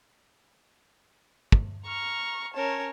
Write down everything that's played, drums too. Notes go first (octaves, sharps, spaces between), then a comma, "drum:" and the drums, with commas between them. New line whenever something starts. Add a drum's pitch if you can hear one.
drum: kick
A#5 C#6 F6
C#4 A#4 C#5 A5